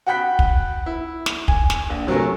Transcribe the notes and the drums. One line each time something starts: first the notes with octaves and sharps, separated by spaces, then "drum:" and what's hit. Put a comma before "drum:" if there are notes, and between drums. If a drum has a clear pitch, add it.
F#4 F#5 G5 B5 F#6 B6
drum: kick
E4
drum: snare
G#5, drum: kick
drum: snare
A#1
C3 F#3 A3 C#4 A#4